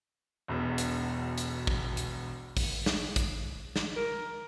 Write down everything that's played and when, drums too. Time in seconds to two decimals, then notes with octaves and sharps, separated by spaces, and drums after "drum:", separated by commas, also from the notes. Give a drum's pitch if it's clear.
0.48 E1 B1 E2
0.78 drum: hi-hat
1.38 drum: hi-hat
1.67 drum: kick
1.97 drum: hi-hat
2.57 drum: kick, open hi-hat
2.86 drum: snare
3.16 drum: kick, hi-hat
3.76 drum: snare
3.96 A#4